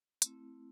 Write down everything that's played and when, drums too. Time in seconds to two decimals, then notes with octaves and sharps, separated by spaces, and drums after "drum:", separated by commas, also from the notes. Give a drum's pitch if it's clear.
0.22 A3 C4 E4, drum: hi-hat